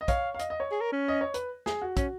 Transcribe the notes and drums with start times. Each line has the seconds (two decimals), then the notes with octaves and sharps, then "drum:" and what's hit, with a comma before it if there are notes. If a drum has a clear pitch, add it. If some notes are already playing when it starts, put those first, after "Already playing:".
0.01 D#5
0.08 C#5 F5, drum: kick, hi-hat
0.35 F5
0.39 D#5, drum: hi-hat
0.50 D#5
0.60 C#5
0.72 G#4
0.81 A#4
0.92 C#4
1.08 D#5
1.21 C#5
1.34 B4, drum: hi-hat
1.66 G#4, drum: snare
1.82 F#4
1.97 C#4, drum: kick, hi-hat